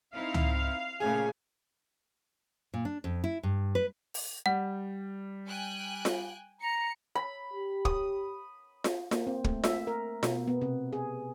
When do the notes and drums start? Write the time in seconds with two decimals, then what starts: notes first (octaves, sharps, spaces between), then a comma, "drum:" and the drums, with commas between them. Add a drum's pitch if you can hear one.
0.14 C4 D#4 E4 F5
0.34 drum: tom C#2
1.00 A#2 C#3 A3 G#4 G#5
2.74 A#2
2.85 D4
3.04 F2
3.24 E4
3.43 G2
3.75 B4
4.14 drum: open hi-hat
4.46 G3 F#5
5.47 G5 G#5 F#6
6.05 drum: snare F4
6.61 A#5 C#7
7.15 B5
7.54 G4
7.85 D#6, drum: kick
8.84 drum: snare F4
9.11 A#3, drum: snare F4
9.27 C4
9.44 A3, drum: kick
9.64 E5, drum: snare F4
9.87 A#4
10.23 B2, drum: snare F4
10.48 B3
10.61 C3
10.93 G#4